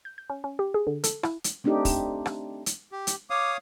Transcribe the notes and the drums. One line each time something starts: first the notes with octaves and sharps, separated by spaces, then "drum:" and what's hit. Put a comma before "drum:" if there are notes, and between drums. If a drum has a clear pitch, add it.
G6
G6
C#4
C#4
G4
G#4
D3
A4, drum: hi-hat
E4, drum: rim click
drum: hi-hat
A3 C4 D4 D#4 G4
drum: kick, open hi-hat
drum: rim click
drum: hi-hat
G4
drum: hi-hat
C#5 F5 D6 D#6